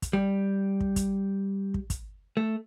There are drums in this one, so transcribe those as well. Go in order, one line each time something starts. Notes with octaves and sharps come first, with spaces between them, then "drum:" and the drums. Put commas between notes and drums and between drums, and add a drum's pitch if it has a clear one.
drum: kick, hi-hat
G3
drum: kick
drum: kick, hi-hat
drum: kick
drum: kick, hi-hat
A3